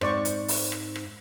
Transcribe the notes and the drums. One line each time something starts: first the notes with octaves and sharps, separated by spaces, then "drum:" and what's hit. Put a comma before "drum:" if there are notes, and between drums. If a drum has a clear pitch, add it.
G#2 C4 C5 D5 C#6, drum: rim click
drum: hi-hat
drum: open hi-hat
drum: rim click
drum: rim click